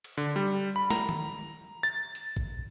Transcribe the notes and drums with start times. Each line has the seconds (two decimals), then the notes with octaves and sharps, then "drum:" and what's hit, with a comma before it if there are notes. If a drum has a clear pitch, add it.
0.04 drum: cymbal
0.17 D3
0.36 G3
0.76 B5
0.90 A#5, drum: snare
1.09 drum: tom D#3
1.83 A6
2.15 drum: hi-hat
2.37 drum: kick